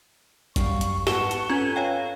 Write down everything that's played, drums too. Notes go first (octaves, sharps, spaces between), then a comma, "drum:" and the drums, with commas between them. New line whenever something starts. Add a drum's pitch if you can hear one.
F#2 G3 F5 C#6, drum: kick G#1, hi-hat
drum: hi-hat
G#2 B3 F#5 A5 C#6 E7 G7, drum: snare
drum: hi-hat
C#4 F4 A4 B4 G#5 G#6
C#5 F5 G5